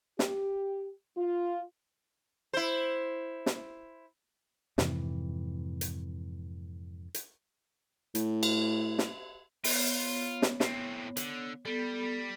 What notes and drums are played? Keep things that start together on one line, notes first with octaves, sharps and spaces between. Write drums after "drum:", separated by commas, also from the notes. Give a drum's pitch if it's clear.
G4, drum: snare
F4
E4 C5
drum: snare
F2 G#2 C3 E3, drum: snare
drum: hi-hat
drum: hi-hat
A2, drum: hi-hat
drum: cymbal
drum: snare
B3 F4 C#5, drum: open hi-hat
drum: snare
A2 C4, drum: snare
D3, drum: hi-hat
G3 B3 A4